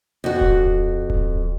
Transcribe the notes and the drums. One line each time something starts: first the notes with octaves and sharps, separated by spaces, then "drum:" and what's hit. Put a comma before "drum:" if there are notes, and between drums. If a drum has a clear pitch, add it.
F2 F#4
drum: kick D1
drum: kick D1